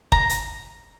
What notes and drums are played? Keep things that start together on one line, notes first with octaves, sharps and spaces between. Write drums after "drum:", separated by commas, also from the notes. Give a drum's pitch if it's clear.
A#5, drum: kick
drum: hi-hat